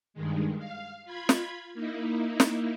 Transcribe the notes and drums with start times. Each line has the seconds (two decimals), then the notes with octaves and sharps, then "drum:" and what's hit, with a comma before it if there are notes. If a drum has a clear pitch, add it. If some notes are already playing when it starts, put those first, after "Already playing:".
0.14 G2 D#3 G#3
0.58 F5
1.05 F4 B5 G#6
1.29 drum: snare
1.74 A#3 D#4 E4
2.40 drum: snare